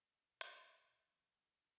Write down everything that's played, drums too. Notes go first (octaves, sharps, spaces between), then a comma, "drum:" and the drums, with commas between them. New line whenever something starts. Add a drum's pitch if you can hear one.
C#3
B2
G#2, drum: hi-hat
F#2
G#2
B2
F#3
D#3
F#3
B3
D#4